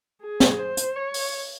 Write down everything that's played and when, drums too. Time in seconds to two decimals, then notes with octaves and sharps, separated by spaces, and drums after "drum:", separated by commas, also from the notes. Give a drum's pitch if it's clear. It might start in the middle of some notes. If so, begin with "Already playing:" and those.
0.22 G#4
0.40 drum: snare
0.59 C5
0.77 drum: hi-hat
0.96 C#5
1.14 drum: open hi-hat